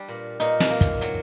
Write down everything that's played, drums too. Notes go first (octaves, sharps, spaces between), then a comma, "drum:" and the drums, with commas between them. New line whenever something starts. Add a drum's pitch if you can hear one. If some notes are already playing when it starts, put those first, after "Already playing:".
Already playing: G3 D4
A#2
A#2 D#4, drum: hi-hat
drum: snare
A#3
drum: kick, hi-hat
F#3, drum: hi-hat